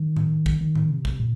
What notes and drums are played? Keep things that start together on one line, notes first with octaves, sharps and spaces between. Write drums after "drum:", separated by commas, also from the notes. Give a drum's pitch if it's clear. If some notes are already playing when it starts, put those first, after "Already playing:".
Already playing: D#3
drum: tom A2
drum: kick
D#3
drum: tom A2
C3
drum: kick
A#2